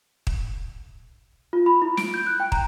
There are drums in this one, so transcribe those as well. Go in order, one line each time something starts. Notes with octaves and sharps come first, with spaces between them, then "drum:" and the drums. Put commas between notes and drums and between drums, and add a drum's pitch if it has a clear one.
drum: kick
F4
B5
E4
D7, drum: snare
G6
F#6
G5
A#5, drum: kick